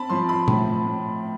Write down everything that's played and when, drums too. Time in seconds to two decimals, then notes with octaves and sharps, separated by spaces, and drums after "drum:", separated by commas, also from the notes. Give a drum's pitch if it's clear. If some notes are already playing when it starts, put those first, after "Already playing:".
Already playing: C4 A5 B5
0.09 F3 C6
0.29 B5
0.48 A2, drum: tom A#2
0.86 A2